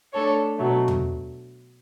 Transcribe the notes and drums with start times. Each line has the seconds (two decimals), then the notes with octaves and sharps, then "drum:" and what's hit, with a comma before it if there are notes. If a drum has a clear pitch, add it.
0.13 A3 D4 A4 C#5
0.58 B2 F#3 A3
0.88 drum: tom